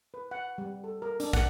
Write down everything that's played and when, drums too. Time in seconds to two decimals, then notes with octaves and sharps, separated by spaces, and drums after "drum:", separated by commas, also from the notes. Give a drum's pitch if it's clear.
0.14 B4
0.31 F#5
0.58 G3
0.84 A4
1.02 A#4
1.20 D4, drum: hi-hat
1.33 F#5, drum: kick, hi-hat